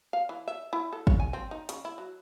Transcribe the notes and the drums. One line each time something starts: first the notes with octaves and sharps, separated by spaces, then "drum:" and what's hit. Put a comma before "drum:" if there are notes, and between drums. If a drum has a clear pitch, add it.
F5
E3
E5
E4
A4
C#5, drum: kick
G#5
C4
D#4
C#3, drum: hi-hat
E4
F#3